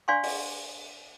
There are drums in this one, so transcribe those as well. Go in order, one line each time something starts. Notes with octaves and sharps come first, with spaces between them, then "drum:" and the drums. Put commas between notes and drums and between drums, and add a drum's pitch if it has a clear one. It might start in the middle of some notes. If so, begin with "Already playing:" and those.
D4 D5 F5 G#5 C6 C#6
drum: open hi-hat